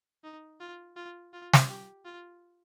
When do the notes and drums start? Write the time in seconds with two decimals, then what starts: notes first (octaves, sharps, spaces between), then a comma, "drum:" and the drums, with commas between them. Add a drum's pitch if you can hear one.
0.24 D#4
0.60 F4
0.96 F4
1.33 F4
1.53 drum: snare
1.69 G4
2.05 F4